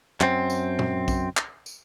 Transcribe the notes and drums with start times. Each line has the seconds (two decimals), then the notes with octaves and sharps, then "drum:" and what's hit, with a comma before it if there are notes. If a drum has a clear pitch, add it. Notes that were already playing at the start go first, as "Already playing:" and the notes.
0.21 F#2 C4, drum: clap
0.50 drum: tambourine
0.79 drum: tom
1.08 drum: kick B1, tambourine
1.37 drum: clap
1.66 drum: tambourine